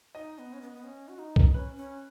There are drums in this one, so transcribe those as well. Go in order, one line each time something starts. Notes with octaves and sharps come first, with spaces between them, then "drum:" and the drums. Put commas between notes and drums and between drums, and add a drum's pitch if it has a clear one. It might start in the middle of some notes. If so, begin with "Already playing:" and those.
D#4 D#5
B3
C#4
B3
B3
C#4
F#4
D#4
drum: kick C2
C#4 B4
C#4